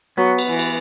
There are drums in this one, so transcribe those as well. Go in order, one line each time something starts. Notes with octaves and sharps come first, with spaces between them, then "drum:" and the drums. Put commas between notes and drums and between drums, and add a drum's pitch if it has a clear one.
F#3 B3
drum: cymbal
E3
drum: cymbal